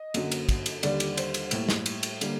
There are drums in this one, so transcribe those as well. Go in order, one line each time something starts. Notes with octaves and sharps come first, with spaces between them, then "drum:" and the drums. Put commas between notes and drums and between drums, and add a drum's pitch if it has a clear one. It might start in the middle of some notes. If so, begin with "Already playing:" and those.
Already playing: D#5
F#2 D3 F#3 A#3, drum: cymbal
drum: cymbal
drum: kick, cymbal
drum: cymbal
D#2 D3 G3 D5, drum: cymbal
drum: cymbal
C5, drum: cymbal
drum: cymbal
A2 G3 A#3, drum: cymbal
drum: snare
drum: cymbal
drum: cymbal
D3 G3 A#3, drum: cymbal